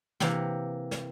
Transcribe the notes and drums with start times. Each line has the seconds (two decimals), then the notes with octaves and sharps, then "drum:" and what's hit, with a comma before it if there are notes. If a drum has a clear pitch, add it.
0.20 C3 E3 A#3, drum: snare
0.91 drum: snare